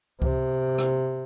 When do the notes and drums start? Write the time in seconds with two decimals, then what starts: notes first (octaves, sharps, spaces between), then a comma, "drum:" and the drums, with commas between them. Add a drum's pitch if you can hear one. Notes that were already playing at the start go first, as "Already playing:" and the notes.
0.22 C3, drum: kick C#2
0.78 drum: rim click